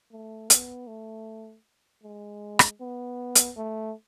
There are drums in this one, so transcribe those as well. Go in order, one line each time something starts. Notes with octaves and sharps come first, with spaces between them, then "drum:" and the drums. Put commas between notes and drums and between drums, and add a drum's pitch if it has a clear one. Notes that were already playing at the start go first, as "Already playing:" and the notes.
A3
B3, drum: hi-hat
A3
G#3
drum: rim click
B3
drum: hi-hat
A3